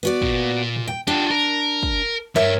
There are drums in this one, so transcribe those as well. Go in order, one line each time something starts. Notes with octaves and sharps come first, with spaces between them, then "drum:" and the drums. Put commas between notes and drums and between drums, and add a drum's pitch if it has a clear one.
B3 F#4 D5
A#2, drum: kick
drum: tom A#2
G5
D4 F4 G4
A#4
drum: kick
G2 A#4 C#5 E5, drum: clap